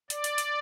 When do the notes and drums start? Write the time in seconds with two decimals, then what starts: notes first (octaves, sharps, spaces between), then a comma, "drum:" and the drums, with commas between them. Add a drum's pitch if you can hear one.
0.10 D5, drum: hi-hat
0.24 drum: hi-hat
0.38 drum: hi-hat